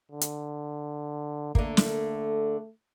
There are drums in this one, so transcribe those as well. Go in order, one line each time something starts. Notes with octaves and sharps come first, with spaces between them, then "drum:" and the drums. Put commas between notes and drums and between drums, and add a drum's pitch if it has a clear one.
D3
drum: hi-hat
D3 A3 A#3, drum: kick
drum: snare